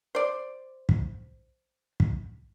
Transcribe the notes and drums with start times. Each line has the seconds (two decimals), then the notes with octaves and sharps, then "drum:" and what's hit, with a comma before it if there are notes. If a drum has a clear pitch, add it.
0.15 C5 D5
0.89 drum: kick
2.00 drum: kick